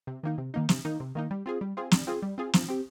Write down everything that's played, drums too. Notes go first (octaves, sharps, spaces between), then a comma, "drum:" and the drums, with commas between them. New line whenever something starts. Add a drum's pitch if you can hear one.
C3
D#3 A#3 D#4
C3
D#3 A#3 D#4
C3, drum: snare
D#3 A#3 D#4
C3
D#3 A#3 D#4
G3
C4 F4 G#4
G3
C4 F4 G#4
G3, drum: snare
C4 F4 G#4
G3
C4 F4 G#4
F3, drum: snare
C4 G4